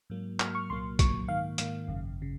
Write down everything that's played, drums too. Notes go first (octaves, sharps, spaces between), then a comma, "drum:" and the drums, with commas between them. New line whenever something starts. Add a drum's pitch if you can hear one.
G#2 F#3 A#3
G#2 F#3 A#3 F6, drum: clap
C#6
C2 A#2 F#3 A#3 C6
C2 A#2 F#3 A#3 C#6, drum: kick, hi-hat
G#2 D#3 A#3 F5
G#2 D#3 A#3 F5, drum: hi-hat
G#1 F#2 C#3
C#3